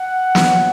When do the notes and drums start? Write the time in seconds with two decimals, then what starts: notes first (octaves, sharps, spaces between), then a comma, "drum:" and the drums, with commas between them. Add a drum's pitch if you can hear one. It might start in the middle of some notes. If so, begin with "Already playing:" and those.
Already playing: F#5
0.35 A#2 F#3 B3, drum: snare